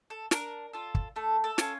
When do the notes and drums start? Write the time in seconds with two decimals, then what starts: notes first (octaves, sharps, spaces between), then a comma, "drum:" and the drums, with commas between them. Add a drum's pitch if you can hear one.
0.10 A4
0.31 D4 A#4, drum: snare
0.73 F4 A4
0.95 drum: kick
1.16 A3 A4
1.44 A4
1.58 C#4 F4 A4, drum: snare